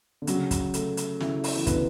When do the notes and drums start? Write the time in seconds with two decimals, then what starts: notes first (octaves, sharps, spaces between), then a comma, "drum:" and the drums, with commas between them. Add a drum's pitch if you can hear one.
0.22 D3
0.27 C#3 F#3, drum: hi-hat
0.51 drum: kick, hi-hat
0.74 A3, drum: hi-hat
0.97 drum: hi-hat
1.20 C#3 E4, drum: snare
1.44 drum: open hi-hat
1.56 E3
1.67 B2 D3 B4, drum: kick, hi-hat